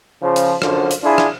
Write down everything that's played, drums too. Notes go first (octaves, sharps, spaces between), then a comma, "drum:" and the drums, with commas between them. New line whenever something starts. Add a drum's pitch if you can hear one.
C#3 F3
drum: hi-hat
F#2 D3 F3, drum: rim click
drum: hi-hat
D4 E4 F4 G#4
drum: rim click